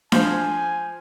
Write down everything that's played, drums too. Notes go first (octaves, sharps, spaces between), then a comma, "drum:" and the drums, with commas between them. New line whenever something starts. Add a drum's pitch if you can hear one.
F3 C5 F5 G#5, drum: snare D4